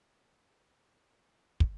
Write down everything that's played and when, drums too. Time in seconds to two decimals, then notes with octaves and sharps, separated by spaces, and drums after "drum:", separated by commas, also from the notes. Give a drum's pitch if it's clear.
0.08 B4
0.19 A4
0.30 G4
0.40 F#4
0.50 E4
1.13 G4
1.60 drum: kick